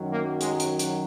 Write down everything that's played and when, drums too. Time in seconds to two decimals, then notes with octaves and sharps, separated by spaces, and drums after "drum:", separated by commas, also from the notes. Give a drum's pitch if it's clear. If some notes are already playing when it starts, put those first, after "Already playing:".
Already playing: F#2 D#3 F#3
0.11 A#3
0.41 G#3, drum: hi-hat
0.60 drum: hi-hat
0.79 drum: hi-hat